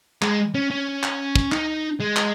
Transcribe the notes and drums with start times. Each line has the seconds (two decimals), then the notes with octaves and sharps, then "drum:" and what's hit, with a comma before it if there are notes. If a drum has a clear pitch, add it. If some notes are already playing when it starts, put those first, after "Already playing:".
0.22 G#3, drum: clap
0.55 C#4
0.71 C#4
1.03 drum: clap
1.36 drum: kick
1.52 D#4, drum: clap
2.00 G#3
2.16 drum: clap